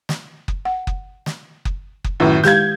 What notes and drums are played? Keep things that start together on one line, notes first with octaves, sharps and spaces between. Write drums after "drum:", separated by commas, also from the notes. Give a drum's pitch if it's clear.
drum: snare
drum: kick F#1
F#5
drum: kick F#1
drum: snare
drum: kick F#1
drum: kick F#1
F#2 A2 D#3 F4 B4
G#3 G4 F5 G6 G#6, drum: snare